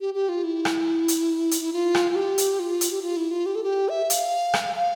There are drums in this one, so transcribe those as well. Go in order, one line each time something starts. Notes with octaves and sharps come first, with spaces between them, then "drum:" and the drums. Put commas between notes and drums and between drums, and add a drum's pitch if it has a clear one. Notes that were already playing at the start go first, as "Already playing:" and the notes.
G4
G4
F4
E4
drum: rim click
drum: hi-hat
drum: hi-hat
E4
F4
drum: rim click
F4
G4
drum: hi-hat
F4
drum: hi-hat
G4
F4
E4
F4
G4
A4
G4
E5
F5, drum: hi-hat
drum: rim click
F5